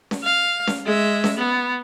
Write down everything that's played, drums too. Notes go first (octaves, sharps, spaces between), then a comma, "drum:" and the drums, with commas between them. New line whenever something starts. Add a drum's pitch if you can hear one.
drum: snare C#4
F5
drum: snare C#4
G#3 E5
drum: snare C#4
B3